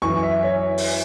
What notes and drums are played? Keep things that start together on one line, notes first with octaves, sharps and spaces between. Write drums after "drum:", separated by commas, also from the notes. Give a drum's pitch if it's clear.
F#2 E3 C#6
E5
C#5
drum: open hi-hat